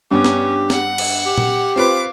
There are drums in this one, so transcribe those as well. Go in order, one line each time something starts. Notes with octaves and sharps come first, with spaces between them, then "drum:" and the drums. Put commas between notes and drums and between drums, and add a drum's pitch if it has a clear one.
G2 B3 C#4 G4 D6
drum: snare
F#5, drum: snare
drum: cymbal
G4
drum: tom A#2
C4 F4 B4 F5 D6